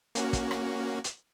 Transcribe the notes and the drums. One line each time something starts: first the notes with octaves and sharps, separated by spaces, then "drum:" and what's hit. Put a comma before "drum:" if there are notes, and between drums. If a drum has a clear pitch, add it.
A#3 C#4 F#4, drum: hi-hat
drum: kick, hi-hat
drum: rim click
drum: hi-hat